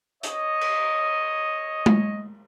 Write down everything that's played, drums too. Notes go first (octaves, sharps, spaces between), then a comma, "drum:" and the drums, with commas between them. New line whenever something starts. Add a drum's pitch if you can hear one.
C#5 D#5, drum: hi-hat
drum: cymbal
drum: tom G#3